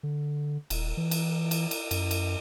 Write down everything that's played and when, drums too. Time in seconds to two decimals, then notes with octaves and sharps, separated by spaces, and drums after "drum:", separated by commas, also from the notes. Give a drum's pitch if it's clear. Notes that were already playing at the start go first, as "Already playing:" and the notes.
0.03 D3
0.70 D#1, drum: cymbal
0.97 E3
1.11 drum: cymbal
1.51 drum: cymbal
1.71 drum: cymbal
1.91 F#2, drum: cymbal
2.11 drum: cymbal